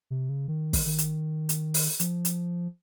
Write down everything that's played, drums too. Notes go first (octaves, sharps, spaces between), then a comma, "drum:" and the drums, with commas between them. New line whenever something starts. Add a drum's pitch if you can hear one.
C3
C#3
D#3
drum: kick, open hi-hat
D#3
drum: hi-hat
drum: hi-hat
drum: open hi-hat
F3, drum: hi-hat
drum: hi-hat